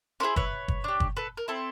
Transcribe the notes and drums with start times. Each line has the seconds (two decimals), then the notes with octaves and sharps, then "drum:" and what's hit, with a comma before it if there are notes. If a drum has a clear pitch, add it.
0.20 C#4 E4 G#4 A#4 C5
0.36 B4 C#5, drum: kick
0.68 drum: kick
0.84 D4 G4
1.00 drum: kick
1.17 A4 B4
1.37 A#4
1.48 C4 E4 A4